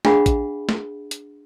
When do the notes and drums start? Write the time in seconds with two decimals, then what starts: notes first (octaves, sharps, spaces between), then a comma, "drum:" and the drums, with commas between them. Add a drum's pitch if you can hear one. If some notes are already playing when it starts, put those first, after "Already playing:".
0.05 D4 G#4 D#5 F5 F#5 B5, drum: snare
0.26 drum: kick, hi-hat
0.69 drum: snare
1.11 drum: hi-hat